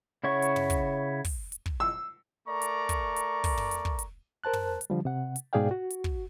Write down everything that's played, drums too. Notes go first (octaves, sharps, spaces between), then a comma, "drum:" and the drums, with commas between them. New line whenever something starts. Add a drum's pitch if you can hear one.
C#3 E4 C#5 F#5 C#6
drum: hi-hat
drum: tom
drum: kick, hi-hat
drum: kick, open hi-hat
drum: hi-hat
drum: kick
E6
A3 A#4 D5 A#5 C#6
drum: hi-hat
drum: kick, hi-hat
drum: hi-hat
drum: kick, open hi-hat
drum: tom
drum: hi-hat
drum: kick
drum: hi-hat
A#4 C5 A5 F#6
drum: tom
drum: hi-hat
D3 F3 G3
C3 F#5
drum: hi-hat
G#2 B2 G#4 D5 F5 G5
F#4
drum: hi-hat
drum: kick